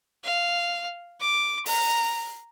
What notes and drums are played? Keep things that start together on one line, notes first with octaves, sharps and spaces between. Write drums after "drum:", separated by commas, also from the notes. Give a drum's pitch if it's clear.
F5
D6
A#5, drum: open hi-hat